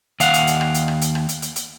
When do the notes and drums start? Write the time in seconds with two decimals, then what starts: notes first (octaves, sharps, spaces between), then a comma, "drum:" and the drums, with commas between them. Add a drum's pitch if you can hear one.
0.20 D#2 F5 F#5, drum: hi-hat
0.34 drum: hi-hat
0.47 drum: hi-hat
0.61 drum: rim click
0.74 drum: hi-hat
0.88 drum: rim click
1.01 drum: hi-hat
1.15 drum: rim click
1.29 drum: hi-hat
1.42 drum: hi-hat
1.56 drum: hi-hat